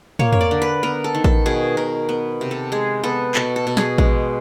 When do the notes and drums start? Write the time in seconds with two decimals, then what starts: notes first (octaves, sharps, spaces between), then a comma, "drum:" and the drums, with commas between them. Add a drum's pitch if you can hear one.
0.19 A#3 C#5, drum: tom
0.32 C#5, drum: tom
0.41 D5
0.51 D3
0.62 B4
0.83 B3 A#4
1.04 A4
1.15 D#3
1.24 A4, drum: kick A1
1.46 B2 G#4
1.77 B2 A#4
2.09 B3
2.41 C3
2.51 A4
2.72 G#3 G#4
3.03 B3 A4
3.35 B2 A4, drum: clap
3.56 A4
3.67 B2
3.77 G#4, drum: snare
3.98 G#3, drum: kick A1